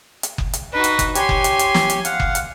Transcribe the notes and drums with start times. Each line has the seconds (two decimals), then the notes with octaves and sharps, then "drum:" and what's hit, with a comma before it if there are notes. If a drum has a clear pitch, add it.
0.23 drum: hi-hat
0.38 drum: kick F#1
0.53 drum: hi-hat
0.73 D#4 F#4 B4
0.84 drum: hi-hat
0.99 drum: kick F#1, hi-hat
1.15 G4 C#5 G#5 C6, drum: hi-hat
1.29 drum: kick F#1
1.44 drum: hi-hat
1.59 drum: hi-hat
1.74 drum: snare
1.90 drum: hi-hat
2.05 F5 F#5, drum: hi-hat
2.20 drum: kick F#1
2.35 drum: hi-hat